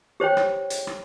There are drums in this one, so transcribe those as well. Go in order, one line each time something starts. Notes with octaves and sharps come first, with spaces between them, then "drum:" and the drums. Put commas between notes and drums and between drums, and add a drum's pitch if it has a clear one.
G4 C5 C#5 G5
drum: rim click
drum: hi-hat
drum: rim click